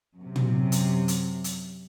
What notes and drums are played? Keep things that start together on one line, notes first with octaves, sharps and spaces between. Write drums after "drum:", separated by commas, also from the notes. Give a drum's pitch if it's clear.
F#2 C3
drum: tom
drum: hi-hat
drum: hi-hat
drum: hi-hat